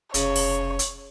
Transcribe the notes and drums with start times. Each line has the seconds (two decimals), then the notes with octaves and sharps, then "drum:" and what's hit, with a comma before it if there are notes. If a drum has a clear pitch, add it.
0.14 F1 C#3 C#5, drum: hi-hat
0.36 drum: open hi-hat
0.79 drum: hi-hat